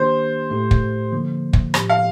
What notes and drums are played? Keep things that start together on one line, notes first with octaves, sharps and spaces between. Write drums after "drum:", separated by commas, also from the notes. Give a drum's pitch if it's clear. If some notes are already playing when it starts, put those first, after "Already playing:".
Already playing: D#3 A#3 D4 G4 C5
A2 A3 D#4 G4
drum: kick
D3 F3 A#3
drum: kick
A2 F3 C4 G4, drum: rim click
F5